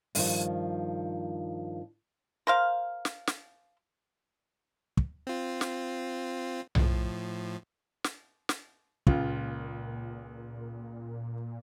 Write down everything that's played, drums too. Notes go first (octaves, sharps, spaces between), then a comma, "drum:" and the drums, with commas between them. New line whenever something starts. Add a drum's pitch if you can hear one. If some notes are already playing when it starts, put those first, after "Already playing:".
G2 D#3 F3, drum: open hi-hat
A#4 C5 F5
drum: snare
drum: snare
drum: kick
C4 F4
drum: snare
A2 F3, drum: tom B1
drum: snare
drum: snare
C#2 A#2 F4, drum: kick